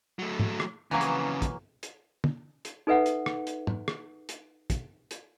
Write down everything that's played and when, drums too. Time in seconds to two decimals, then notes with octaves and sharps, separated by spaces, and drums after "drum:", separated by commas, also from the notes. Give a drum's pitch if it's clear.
0.19 F#3 A3
0.39 drum: tom
0.60 drum: rim click
0.91 F2 C#3 E3 F#3 A#3
1.01 drum: hi-hat
1.42 drum: kick, hi-hat
1.83 drum: hi-hat
2.24 drum: tom
2.65 drum: hi-hat
2.87 D#4 A4 B4 E5 F#5
3.06 drum: hi-hat
3.26 drum: rim click
3.47 drum: hi-hat
3.67 drum: tom
3.88 drum: rim click
4.29 drum: hi-hat
4.70 drum: kick, hi-hat
5.11 drum: hi-hat